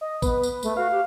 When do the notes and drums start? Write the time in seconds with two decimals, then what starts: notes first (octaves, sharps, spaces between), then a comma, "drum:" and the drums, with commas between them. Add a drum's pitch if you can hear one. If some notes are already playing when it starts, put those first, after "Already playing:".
0.01 D#5
0.22 B3 B4, drum: kick A#1, tambourine
0.43 drum: tambourine
0.63 A3, drum: tambourine
0.77 F#4 F5
0.91 G4